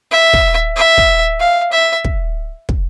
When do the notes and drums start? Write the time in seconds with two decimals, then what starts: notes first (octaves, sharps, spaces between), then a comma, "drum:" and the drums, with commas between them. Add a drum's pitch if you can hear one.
0.11 E5
0.33 drum: kick
0.76 E5
0.97 drum: kick
1.40 F5
1.72 E5
2.05 drum: kick
2.69 drum: kick